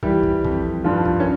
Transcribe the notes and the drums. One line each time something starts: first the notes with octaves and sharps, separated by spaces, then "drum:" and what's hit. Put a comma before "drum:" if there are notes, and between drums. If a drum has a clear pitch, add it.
E3 G3 G4, drum: kick
drum: kick
F2, drum: kick
G2 F3 F4
drum: kick
C#4